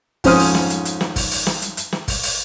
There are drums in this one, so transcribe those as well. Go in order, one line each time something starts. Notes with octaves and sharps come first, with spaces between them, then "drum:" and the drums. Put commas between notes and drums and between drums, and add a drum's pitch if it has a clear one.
F2 G#2 C#4 C5 D#6 F6, drum: kick, open hi-hat
drum: open hi-hat
drum: snare
drum: hi-hat
drum: hi-hat
drum: snare
drum: kick, open hi-hat
drum: open hi-hat
drum: snare
drum: hi-hat
drum: hi-hat
drum: snare
drum: kick, open hi-hat
drum: open hi-hat